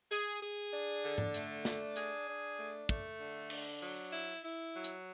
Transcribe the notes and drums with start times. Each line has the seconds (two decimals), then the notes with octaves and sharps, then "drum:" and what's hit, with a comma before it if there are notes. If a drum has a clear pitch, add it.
0.10 G#4
0.41 G#4
0.72 D4
1.03 D3
1.18 drum: tom G#2
1.34 A3, drum: hi-hat
1.65 D4, drum: snare
1.96 G#4, drum: hi-hat
2.27 D4
2.57 A3
2.89 A3, drum: kick
3.19 D3
3.50 D4, drum: cymbal
3.82 F#3
4.12 E4
4.43 E4
4.74 F#3
4.84 drum: hi-hat